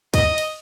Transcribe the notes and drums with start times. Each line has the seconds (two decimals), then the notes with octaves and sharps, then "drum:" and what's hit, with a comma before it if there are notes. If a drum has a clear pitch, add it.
0.14 D#5, drum: kick, cymbal
0.38 drum: cymbal